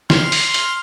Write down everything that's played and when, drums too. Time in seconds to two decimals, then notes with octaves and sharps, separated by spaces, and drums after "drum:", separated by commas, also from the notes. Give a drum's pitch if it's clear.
0.10 C6 F6, drum: snare
0.32 drum: open hi-hat
0.54 drum: hi-hat